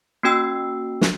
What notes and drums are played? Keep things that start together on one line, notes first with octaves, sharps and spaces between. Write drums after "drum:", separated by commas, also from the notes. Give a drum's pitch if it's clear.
A#3 C#4 F#4 G5 E6 C7
drum: snare